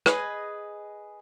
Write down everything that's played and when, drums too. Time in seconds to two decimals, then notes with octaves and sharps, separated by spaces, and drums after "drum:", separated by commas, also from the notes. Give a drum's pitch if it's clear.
0.06 G#4 B4 D#5 G#5, drum: rim click